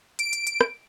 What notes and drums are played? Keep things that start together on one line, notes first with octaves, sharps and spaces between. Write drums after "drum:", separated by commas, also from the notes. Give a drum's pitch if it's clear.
D7, drum: hi-hat
drum: hi-hat
drum: hi-hat
drum: rim click